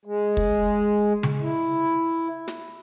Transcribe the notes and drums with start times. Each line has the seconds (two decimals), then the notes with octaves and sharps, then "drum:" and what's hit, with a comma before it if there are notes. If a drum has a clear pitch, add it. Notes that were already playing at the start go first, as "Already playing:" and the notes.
0.05 G#3
0.37 drum: kick
1.23 drum: tom C#3
1.41 E4
2.48 drum: snare